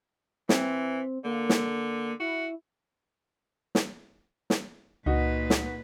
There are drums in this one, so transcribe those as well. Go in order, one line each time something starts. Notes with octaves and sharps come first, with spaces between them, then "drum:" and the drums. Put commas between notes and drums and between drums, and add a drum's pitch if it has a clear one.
E3 C4, drum: snare
D3 A#3
drum: snare
E4 F#4
drum: snare
drum: snare
C#2 A#2 D#4 F#4 B4
drum: snare